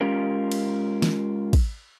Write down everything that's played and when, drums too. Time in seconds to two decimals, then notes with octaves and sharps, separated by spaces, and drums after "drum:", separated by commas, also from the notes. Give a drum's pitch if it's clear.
0.01 G#3 C#4 F4 G4 A#4
0.52 drum: cymbal
1.02 drum: snare
1.53 drum: kick, cymbal